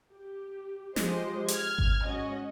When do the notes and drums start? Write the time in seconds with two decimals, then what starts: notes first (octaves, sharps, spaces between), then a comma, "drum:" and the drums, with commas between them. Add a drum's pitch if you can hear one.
0.12 G4
0.96 F3 G#3 G4 C5 D#5, drum: snare
1.48 F6 G#6, drum: hi-hat
1.78 drum: kick G#1
2.06 G#2 C#4 F#4 D#5